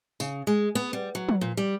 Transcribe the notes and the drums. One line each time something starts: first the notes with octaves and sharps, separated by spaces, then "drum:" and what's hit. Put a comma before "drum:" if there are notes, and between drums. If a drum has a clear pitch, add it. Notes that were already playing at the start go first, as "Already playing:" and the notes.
C#3, drum: tambourine
G#3
B3
G3
F#3
drum: tom
A#2
G3